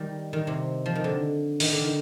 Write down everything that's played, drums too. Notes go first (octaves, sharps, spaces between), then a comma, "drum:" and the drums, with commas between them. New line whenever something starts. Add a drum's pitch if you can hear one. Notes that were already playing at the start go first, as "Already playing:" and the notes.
Already playing: D#3 G3
D#3
C3
F3
D#3
D3
D#3, drum: open hi-hat
D3
D#3